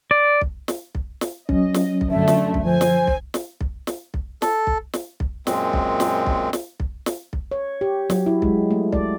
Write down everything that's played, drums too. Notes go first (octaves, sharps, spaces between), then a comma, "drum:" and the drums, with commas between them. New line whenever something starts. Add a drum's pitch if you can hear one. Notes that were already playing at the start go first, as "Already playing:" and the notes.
D5
drum: kick B1
drum: snare
drum: kick B1
drum: snare
F#3 C#4 D#5, drum: kick B1
drum: snare
drum: kick B1
F#2 D3 A3 E5
drum: snare
drum: kick B1
F3 C5 G#5
drum: snare
drum: kick B1
drum: snare
drum: kick B1
drum: snare
drum: kick B1
A4, drum: snare
drum: kick B1
drum: snare
drum: kick B1
F#2 A#2 G#3 C4, drum: snare
drum: kick B1
drum: snare
drum: kick B1
drum: snare
drum: kick B1
drum: snare
drum: kick B1
C#5
G4
F#3, drum: snare
E4
G#3, drum: kick B1
A3
D5, drum: kick B1